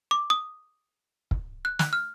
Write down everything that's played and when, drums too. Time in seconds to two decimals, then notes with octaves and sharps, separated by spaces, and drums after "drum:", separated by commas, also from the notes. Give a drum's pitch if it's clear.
0.11 D6
0.30 D#6
1.31 drum: kick
1.65 F#6
1.79 F#6, drum: snare
1.93 F6